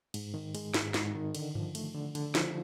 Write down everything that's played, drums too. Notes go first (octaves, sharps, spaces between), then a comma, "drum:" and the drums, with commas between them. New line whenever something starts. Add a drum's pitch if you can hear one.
G#2, drum: cymbal
D#3
G#3, drum: cymbal
G#2, drum: snare
G#2, drum: snare
D#3
D3, drum: cymbal
F3, drum: tom G2
A3, drum: cymbal
D3
D3, drum: cymbal
F3, drum: snare